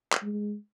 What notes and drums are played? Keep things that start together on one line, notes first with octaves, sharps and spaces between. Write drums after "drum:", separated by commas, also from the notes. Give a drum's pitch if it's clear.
drum: clap
G#3